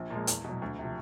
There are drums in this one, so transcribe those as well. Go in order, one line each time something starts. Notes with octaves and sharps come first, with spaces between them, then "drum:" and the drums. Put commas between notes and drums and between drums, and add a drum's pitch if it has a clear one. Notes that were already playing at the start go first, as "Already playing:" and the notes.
Already playing: A#1
A#2 F3 G#3
E2, drum: hi-hat
B2 F#3
D2
C3 F3